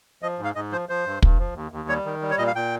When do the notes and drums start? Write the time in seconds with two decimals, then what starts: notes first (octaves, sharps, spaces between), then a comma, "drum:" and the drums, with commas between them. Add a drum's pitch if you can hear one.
0.23 F3 D#5
0.39 G#2
0.44 F5
0.55 G#2 D#5
0.72 F3 C5
0.89 F3 C5
1.06 G2
1.22 G2, drum: kick
1.39 F3
1.55 D#2
1.72 D#2
1.89 G3 C#5
2.05 D#3
2.22 G3
2.31 C#5
2.38 A#2 D#5
2.47 F5
2.55 A#2 G5